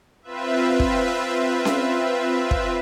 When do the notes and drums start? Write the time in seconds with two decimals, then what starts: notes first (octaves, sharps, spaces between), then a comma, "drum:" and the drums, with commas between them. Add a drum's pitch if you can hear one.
0.23 C4 F4 B4 E5
0.80 drum: kick
1.65 drum: snare C#4
2.51 drum: kick